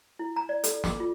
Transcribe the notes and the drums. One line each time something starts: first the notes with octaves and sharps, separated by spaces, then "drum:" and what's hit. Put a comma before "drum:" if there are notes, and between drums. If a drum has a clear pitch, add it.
E4
A#5
D5
A4, drum: hi-hat
D6, drum: snare
F4